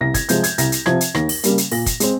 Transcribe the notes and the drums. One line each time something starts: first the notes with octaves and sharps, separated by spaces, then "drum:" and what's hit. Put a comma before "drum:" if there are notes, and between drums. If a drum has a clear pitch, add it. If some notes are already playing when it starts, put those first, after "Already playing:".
C2 A#6
G#6, drum: kick, hi-hat
C3 F3 G#3 G6, drum: hi-hat
G#6, drum: hi-hat
C2 A#6, drum: hi-hat
drum: hi-hat
C3 F3 C4 G#6, drum: rim click
drum: hi-hat
D#2 A#6, drum: rim click
drum: open hi-hat
C#3 G3 A#3, drum: hi-hat
drum: hi-hat
A#2 A#6, drum: open hi-hat
drum: kick, hi-hat
G#3 C4, drum: hi-hat